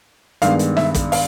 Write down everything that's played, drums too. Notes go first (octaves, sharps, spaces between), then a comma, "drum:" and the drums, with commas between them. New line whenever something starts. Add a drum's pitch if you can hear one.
G2 D#3 G#3 B3 F5, drum: hi-hat
drum: hi-hat
E5, drum: snare
drum: kick, hi-hat
F5, drum: open hi-hat